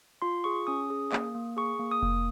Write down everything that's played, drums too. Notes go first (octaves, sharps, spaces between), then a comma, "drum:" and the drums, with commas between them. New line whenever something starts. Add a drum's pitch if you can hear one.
F4 C6
G#4 C#6
C#4 D#6
G#4
A#3, drum: clap
A#3
G#4 C#6
A#3
D#6
A#3, drum: kick F1